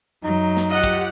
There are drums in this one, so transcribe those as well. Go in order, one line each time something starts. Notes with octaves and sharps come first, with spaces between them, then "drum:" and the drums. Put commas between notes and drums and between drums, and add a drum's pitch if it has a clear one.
F#2 F#3 D#4
drum: snare
F4 G4 D#5 F#5
drum: kick, hi-hat